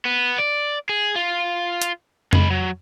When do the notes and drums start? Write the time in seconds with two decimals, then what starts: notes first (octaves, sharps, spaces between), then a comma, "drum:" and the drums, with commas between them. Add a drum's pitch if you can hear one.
0.05 B3
0.38 D5
0.89 G#4
1.16 F4
1.82 drum: hi-hat
2.33 G#3 B5, drum: tom F2
2.50 F#3